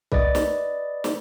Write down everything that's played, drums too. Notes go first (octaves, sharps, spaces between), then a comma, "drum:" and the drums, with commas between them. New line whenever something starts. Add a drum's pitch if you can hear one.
B4 D5 D#5 A6, drum: kick C2
drum: snare
drum: snare